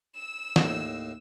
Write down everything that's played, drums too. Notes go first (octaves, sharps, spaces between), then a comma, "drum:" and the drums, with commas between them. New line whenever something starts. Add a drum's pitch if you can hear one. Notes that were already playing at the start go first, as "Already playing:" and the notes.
E6 E7
D#2 A2, drum: snare